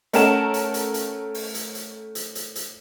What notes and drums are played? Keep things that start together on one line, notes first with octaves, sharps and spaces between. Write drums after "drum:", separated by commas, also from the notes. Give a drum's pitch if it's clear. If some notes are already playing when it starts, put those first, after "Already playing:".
A3 C#4 A#4 F#5 A5 E7, drum: hi-hat
drum: hi-hat
drum: hi-hat
drum: hi-hat
drum: open hi-hat
drum: hi-hat
drum: hi-hat
drum: hi-hat
drum: hi-hat
drum: hi-hat